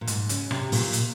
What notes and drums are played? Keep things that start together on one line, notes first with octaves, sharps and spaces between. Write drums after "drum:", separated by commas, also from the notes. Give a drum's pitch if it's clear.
A#2
G#2, drum: hi-hat
C#3, drum: hi-hat
C3, drum: rim click
A#2, drum: open hi-hat
drum: hi-hat